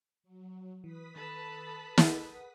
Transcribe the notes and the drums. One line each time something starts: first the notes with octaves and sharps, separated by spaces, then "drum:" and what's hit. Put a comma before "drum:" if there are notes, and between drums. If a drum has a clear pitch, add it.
F#3
E3 B4 D#6 B6
D#3 A4 A5 B5
G#4 A#4 F#5, drum: snare